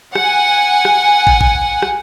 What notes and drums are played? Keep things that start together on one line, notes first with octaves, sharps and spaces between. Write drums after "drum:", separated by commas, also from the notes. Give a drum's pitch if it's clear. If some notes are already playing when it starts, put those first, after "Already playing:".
F#5 G#5, drum: rim click
drum: rim click
drum: kick
drum: kick
drum: rim click